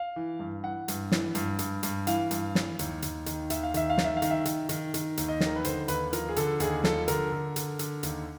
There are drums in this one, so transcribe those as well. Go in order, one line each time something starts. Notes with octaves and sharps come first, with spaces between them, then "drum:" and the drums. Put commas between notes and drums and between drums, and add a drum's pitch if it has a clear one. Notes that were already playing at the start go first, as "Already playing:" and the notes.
Already playing: F5
E3
G2
E3 F#5
G2, drum: hi-hat
E3, drum: snare
G2, drum: hi-hat
G2, drum: hi-hat
G2, drum: hi-hat
E3 F5, drum: hi-hat
G2, drum: hi-hat
E3, drum: snare
D#2, drum: hi-hat
D#2, drum: hi-hat
D#3, drum: hi-hat
D#2 E5, drum: hi-hat
F5
D#3 E5, drum: hi-hat
F5
D#3, drum: snare
E5
F5
D#3, drum: hi-hat
E5
D#3, drum: hi-hat
D#3, drum: hi-hat
D#3, drum: hi-hat
D#2, drum: hi-hat
D#5
D#3, drum: snare
A#4
B4
D3 C5, drum: hi-hat
D#2 B4, drum: hi-hat
F3 A#4, drum: hi-hat
G#4
D3 A4, drum: hi-hat
D#2 G#4, drum: hi-hat
F3 A4, drum: snare
D3 A#4, drum: hi-hat
D3
D3, drum: hi-hat
D3, drum: hi-hat
D#2, drum: hi-hat